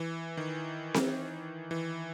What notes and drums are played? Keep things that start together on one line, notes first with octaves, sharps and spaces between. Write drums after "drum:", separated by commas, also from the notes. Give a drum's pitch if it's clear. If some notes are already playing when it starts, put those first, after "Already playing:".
Already playing: E3
D#3
drum: snare C4
E3